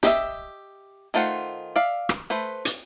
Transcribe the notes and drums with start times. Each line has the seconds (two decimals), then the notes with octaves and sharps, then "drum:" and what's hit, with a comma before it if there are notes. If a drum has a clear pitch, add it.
0.03 G4 D#5 E5, drum: snare
1.14 D#3 A3 F4 C5 F#5
1.76 D5 E5 F5
2.09 drum: rim click
2.30 A3 B4 C5
2.65 drum: hi-hat